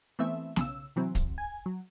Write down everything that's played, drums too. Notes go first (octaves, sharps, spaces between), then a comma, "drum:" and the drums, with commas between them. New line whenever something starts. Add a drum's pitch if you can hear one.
E3 A3 B3 C4 E5
B1 C#3 E6, drum: snare
C3 E3 F#3 C4
drum: kick, hi-hat
G#5
F#3